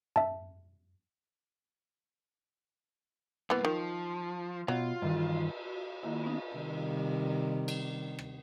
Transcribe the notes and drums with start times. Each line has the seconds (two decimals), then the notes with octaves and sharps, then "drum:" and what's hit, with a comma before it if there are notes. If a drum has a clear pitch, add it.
0.16 E5 A5, drum: tom F#2
3.50 G2 E3 A#3 B3
3.65 D#3 F3
4.68 B2 F#3 F4
5.02 G2 D#3 E3, drum: cymbal
5.66 F#4
6.03 D#3 A#3 E4, drum: cymbal
6.24 B3 C#4 D#4
6.56 C3 D#3 G3
7.68 drum: cymbal
8.19 drum: rim click